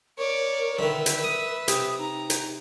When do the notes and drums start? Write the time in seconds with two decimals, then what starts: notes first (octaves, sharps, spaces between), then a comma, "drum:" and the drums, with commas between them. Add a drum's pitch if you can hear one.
0.18 A#4 C#5 D5
0.79 D3 D#3 B4 E5
1.06 drum: hi-hat
1.24 D#6
1.68 C3 D#6, drum: hi-hat
1.99 D#4 A#5
2.30 drum: hi-hat